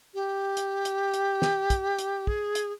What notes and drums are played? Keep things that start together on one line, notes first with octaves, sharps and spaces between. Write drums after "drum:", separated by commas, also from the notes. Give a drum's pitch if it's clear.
G4
drum: hi-hat
drum: hi-hat
drum: hi-hat
drum: snare
drum: kick, hi-hat
drum: hi-hat
G#4, drum: kick
drum: hi-hat